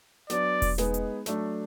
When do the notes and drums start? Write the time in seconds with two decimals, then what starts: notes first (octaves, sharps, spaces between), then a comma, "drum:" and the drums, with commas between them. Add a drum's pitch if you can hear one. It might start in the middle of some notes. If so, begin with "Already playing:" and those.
0.30 F#3 B3 D4 D5, drum: snare
0.62 drum: kick E1, open hi-hat
0.78 G#3 B3 D#4 G#4 B4, drum: snare
0.94 drum: hi-hat
1.26 F#3 A3 D4, drum: snare